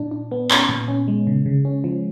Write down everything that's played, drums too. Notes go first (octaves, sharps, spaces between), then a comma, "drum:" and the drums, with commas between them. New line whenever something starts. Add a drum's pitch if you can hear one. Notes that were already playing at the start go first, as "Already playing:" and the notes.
Already playing: A#2 D4
D4
B3
C#4, drum: clap
A#2
C#4
G#3
C#3
C#3
C#4
F3